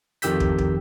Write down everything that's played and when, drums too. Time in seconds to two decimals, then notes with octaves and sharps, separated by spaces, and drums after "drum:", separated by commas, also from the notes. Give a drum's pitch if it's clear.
0.22 F2 D#3 G4 E6 G6 B6, drum: hi-hat
0.40 drum: kick
0.58 drum: kick